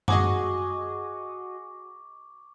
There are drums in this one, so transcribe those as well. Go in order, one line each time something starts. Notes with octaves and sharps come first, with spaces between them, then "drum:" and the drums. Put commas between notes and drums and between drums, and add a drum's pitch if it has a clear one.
F#4 G#4 D#5 C#6 D6, drum: tom F#2